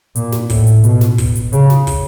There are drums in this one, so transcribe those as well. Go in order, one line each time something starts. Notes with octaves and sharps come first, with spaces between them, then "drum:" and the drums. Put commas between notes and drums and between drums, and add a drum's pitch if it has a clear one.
A#2, drum: hi-hat
drum: snare
A2, drum: kick, open hi-hat
drum: hi-hat
B2, drum: hi-hat
drum: snare
drum: kick, open hi-hat
drum: hi-hat
C#3, drum: hi-hat
drum: snare
drum: kick, open hi-hat